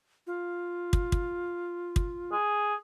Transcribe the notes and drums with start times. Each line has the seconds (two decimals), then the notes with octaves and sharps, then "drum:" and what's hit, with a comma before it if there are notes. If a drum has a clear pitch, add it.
0.27 F4
0.93 drum: kick
1.12 drum: kick
1.96 drum: kick
2.32 G#4